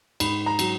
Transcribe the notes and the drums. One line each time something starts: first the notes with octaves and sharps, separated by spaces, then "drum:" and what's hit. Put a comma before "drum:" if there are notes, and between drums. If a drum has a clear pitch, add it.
G#2 B5, drum: cymbal
A#5
F#3, drum: cymbal